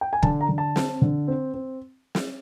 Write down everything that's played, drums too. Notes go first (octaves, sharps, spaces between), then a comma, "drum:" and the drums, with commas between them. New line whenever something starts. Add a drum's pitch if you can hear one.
G5
G#5
D3 A5, drum: kick
A#5
D3
A5
C4, drum: snare
D3
C4
C4
drum: snare